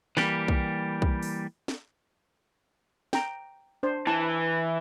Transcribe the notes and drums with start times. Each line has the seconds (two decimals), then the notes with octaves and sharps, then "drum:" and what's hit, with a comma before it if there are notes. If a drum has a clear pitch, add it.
0.17 E3 G3 A#3 G4, drum: snare
0.48 drum: kick
1.02 drum: kick
1.22 drum: open hi-hat
1.68 drum: snare
3.13 G5 A#5, drum: snare
3.83 D4 C5
4.07 E3 A5